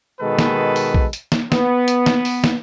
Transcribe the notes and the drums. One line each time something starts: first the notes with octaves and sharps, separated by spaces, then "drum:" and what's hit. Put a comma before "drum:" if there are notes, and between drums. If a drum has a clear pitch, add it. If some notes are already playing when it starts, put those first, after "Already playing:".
B2 D#3 G#3 A4 B4
drum: snare
drum: open hi-hat
drum: kick
drum: hi-hat
drum: snare
B3, drum: snare
drum: hi-hat
drum: snare
drum: open hi-hat
drum: snare